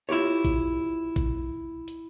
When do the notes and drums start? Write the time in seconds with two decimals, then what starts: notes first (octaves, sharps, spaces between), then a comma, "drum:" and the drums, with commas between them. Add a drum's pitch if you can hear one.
0.09 E4 F4 G4 C#5
0.45 drum: kick, hi-hat
1.16 drum: kick, hi-hat
1.88 drum: hi-hat